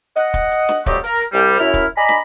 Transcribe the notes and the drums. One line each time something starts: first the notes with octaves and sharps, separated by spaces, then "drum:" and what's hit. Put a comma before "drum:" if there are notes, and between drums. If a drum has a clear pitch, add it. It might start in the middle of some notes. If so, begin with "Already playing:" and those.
D#5 F#5, drum: hi-hat
drum: kick, hi-hat
drum: hi-hat
drum: snare
F2 F#3 G3 A3 G4 D#5, drum: kick, hi-hat
A#4, drum: hi-hat
drum: hi-hat
C2 G3
F#2 E4 F6, drum: hi-hat
drum: kick, hi-hat
D5 D#5 G#5 A#5 B5
drum: snare